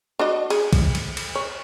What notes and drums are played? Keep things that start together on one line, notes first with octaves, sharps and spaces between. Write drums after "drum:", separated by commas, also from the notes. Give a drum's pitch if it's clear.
D4 F#4 D#5
G#4, drum: cymbal
drum: kick, cymbal
drum: cymbal
drum: cymbal
C#5